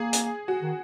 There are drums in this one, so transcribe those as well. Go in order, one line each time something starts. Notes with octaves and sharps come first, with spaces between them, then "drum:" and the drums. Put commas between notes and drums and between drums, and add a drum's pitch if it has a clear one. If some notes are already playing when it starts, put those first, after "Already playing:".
Already playing: A#3 G#4
drum: hi-hat
F#4
D#3